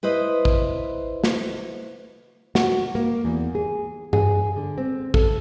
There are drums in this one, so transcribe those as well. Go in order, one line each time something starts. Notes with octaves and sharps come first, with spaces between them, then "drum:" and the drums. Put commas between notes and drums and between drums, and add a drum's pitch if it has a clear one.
E4 B4 C5 D#5
drum: kick A1
drum: snare
F#4, drum: snare
A#3
E2
G#4
G#4, drum: tom G2
D3
C4
A4, drum: kick A1